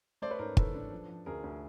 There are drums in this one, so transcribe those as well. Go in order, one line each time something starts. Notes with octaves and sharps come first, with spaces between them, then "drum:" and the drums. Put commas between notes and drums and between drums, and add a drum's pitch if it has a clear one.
A3 C5 D5
B4 C#5
G#2 A#4 C5
E3 A4 B4, drum: kick
D4
F3
F3
D2 G#4 A#4
D2